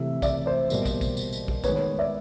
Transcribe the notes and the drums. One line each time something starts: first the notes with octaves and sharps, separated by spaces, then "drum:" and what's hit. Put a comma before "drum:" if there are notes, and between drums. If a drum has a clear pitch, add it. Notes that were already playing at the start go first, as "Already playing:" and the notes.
Already playing: C3 E3 A3 E5
D5 E5, drum: kick, tambourine
C5 D5
B2 G3 A#3, drum: tambourine
drum: kick, tambourine
drum: kick, tambourine
drum: tambourine
drum: tambourine
drum: kick
D#3 G#3 B3 B4 C#5, drum: kick, tambourine
B4 C#5
D5 E5